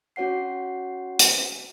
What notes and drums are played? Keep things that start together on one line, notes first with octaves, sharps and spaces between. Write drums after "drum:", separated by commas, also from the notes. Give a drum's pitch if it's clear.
C#4 F#4 C#5 F#5 C7
drum: hi-hat